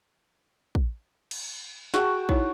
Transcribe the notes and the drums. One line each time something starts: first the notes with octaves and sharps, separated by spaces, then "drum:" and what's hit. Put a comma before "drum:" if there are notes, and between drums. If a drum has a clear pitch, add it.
drum: kick
drum: cymbal
F#4 G#4 G5 A5, drum: snare
D#4 E4 C#5, drum: kick